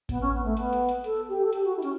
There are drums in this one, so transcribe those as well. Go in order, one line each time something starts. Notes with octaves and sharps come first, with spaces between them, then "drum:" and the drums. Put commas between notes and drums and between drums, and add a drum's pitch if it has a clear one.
B3, drum: kick A1, hi-hat
C#4
B3
A3
B3, drum: hi-hat
drum: hi-hat
drum: hi-hat
A4, drum: hi-hat
G4
A4
G4, drum: hi-hat
F#4
E4
C#4, drum: hi-hat